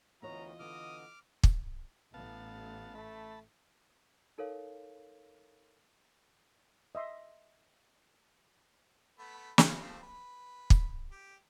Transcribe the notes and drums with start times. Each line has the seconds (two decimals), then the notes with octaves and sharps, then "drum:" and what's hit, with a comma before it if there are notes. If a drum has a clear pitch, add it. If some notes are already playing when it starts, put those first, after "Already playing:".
0.22 D2 E3 B3 F4 A#4 C#5 D#5 A#5
0.59 D3 B3 D6 D#6 F6
1.44 drum: kick
2.14 A1 B3 F5 A5
2.95 A3 A5 B5
4.38 D#4 A4 A#4 C#5 F5
6.95 D#5 E5 C6
9.18 A3 B3 B4
9.58 C#4 F4 B4, drum: snare
9.81 F3 A3 C4
10.02 B4
10.70 drum: kick
11.11 G4